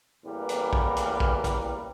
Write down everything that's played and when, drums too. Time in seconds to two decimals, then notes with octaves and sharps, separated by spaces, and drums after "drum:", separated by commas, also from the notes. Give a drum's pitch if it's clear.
0.25 A1 E2 A2 G3 A#3 B4
0.49 drum: hi-hat
0.73 drum: kick
0.96 drum: hi-hat
1.20 drum: kick
1.44 drum: kick, hi-hat